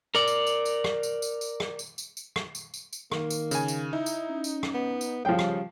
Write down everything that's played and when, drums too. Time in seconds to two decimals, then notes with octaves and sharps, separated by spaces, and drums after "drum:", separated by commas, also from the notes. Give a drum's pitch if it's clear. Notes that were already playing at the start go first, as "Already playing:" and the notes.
0.15 A#4 D5
0.28 drum: tambourine
0.46 drum: tambourine
0.65 drum: tambourine
0.84 drum: rim click
1.03 drum: tambourine
1.22 drum: tambourine
1.41 drum: tambourine
1.60 drum: rim click
1.79 drum: tambourine
1.98 drum: tambourine
2.17 drum: tambourine
2.36 drum: rim click
2.55 drum: tambourine
2.74 drum: tambourine
2.93 drum: tambourine
3.12 D#3 A#3, drum: rim click
3.30 drum: tambourine
3.51 C#3 G#5, drum: tambourine
3.68 drum: tambourine
3.93 D#4 E4
4.06 drum: tambourine
4.29 C#4
4.44 drum: tambourine
4.63 drum: rim click
4.74 B3
5.01 drum: tambourine
5.25 C#3 F3 G3 G5
5.39 drum: rim click